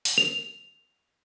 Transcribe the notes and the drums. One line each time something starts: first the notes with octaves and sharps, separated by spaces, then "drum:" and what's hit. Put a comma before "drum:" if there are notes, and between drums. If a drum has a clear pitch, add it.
drum: open hi-hat
F7